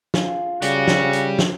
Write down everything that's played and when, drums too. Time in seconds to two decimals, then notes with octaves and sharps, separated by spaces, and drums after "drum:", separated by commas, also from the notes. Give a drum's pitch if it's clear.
0.14 F4 G#4, drum: snare
0.62 C#3 F#4 G4 D5, drum: hi-hat
0.88 drum: snare
1.13 drum: hi-hat
1.39 drum: snare